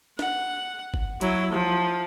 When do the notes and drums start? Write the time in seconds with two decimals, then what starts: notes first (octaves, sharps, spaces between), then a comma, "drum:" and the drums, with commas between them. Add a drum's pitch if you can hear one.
0.19 F#5, drum: snare
0.94 drum: kick G1
1.21 F#3 E4, drum: hi-hat
1.52 F3